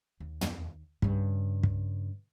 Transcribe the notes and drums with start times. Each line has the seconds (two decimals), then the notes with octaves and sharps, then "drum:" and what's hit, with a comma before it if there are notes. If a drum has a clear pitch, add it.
0.20 D#2
0.41 drum: tom
1.02 G2 C#3, drum: kick
1.63 drum: kick